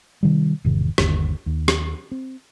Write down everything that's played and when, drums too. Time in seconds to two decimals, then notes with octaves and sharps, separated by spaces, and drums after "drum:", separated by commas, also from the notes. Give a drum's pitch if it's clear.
0.23 C3 D#3 G3
0.64 E1 G#2 C3 D#3
0.98 G1 D#2 D3, drum: rim click
1.46 D#2
1.68 drum: rim click
2.11 C4